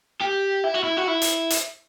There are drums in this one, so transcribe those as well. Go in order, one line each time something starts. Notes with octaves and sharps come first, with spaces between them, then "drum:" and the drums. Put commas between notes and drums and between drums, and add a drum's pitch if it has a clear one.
G4
E4
F#4
E4
F#4
E4
drum: hi-hat
drum: hi-hat